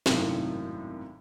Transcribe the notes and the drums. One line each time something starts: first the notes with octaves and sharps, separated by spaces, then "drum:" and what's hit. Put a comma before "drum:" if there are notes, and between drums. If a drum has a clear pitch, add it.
G#1 F#2 A2 C3 D#3, drum: snare